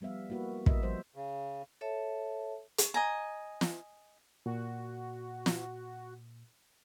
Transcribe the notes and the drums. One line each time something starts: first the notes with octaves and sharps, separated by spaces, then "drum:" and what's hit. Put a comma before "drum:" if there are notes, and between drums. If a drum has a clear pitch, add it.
F3 G3 B3 E5 F5
A#3 E4 F#4 B4
E4 F#4 G4 A#4 D#5 E5, drum: kick
F3 G3 C5
C#3
A4 C#5 E5 A5
drum: hi-hat
D#5 G#5 A#5
drum: snare
A#2 F#4
drum: snare